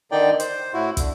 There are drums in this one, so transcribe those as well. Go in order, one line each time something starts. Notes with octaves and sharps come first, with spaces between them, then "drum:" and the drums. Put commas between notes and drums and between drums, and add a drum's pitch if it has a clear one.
D3 D#3 D#4 D5 G5
C5, drum: hi-hat
A2 E4 F#4
D3, drum: kick, hi-hat